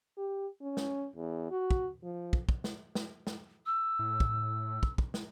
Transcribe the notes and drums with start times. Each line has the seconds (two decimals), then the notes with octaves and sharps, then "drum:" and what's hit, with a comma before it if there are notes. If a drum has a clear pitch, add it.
0.17 G4
0.61 C#4
0.77 drum: snare
1.16 E2
1.51 F#4
1.71 drum: kick
2.03 F3
2.33 drum: kick
2.49 drum: kick
2.64 drum: snare
2.95 drum: snare
3.27 drum: snare
3.66 E6
3.99 A2
4.20 drum: kick
4.83 drum: kick
4.98 drum: kick
5.14 drum: snare